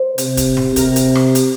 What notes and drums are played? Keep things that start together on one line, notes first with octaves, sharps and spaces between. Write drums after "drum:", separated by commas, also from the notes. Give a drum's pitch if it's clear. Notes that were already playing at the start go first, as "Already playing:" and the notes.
Already playing: C5
C3, drum: hi-hat
drum: kick, hi-hat
drum: tom C3
C3 A#4, drum: kick, hi-hat
drum: hi-hat
drum: rim click
drum: hi-hat